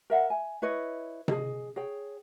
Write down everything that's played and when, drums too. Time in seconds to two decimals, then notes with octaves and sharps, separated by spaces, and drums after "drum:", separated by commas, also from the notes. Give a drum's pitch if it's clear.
0.10 A#4 E5 F#5
0.30 G#5
0.62 E4 B4 C#5 D#5
1.28 G#4 D#5, drum: tom C3
1.76 G#4 C#5 G5